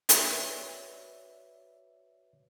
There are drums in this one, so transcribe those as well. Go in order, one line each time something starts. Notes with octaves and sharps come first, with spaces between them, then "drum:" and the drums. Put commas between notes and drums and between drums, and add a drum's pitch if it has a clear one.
F#4 B4 C#5 D5 E5, drum: hi-hat